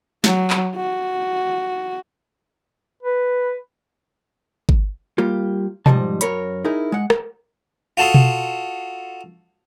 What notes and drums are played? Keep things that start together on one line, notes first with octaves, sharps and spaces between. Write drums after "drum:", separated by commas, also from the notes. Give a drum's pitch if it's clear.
F#3, drum: snare
drum: clap
F#4
B4
drum: kick
G3 A#3 F4 G4
G#2 E3 F3 G3 D#5 A5, drum: tom B2
F#2 A#4 C#5 B5, drum: hi-hat
D#4 E4 G#4 A#4
G#3 F#5
drum: rim click
F4 F#4 A4 A5 C6 D#6
drum: tom B2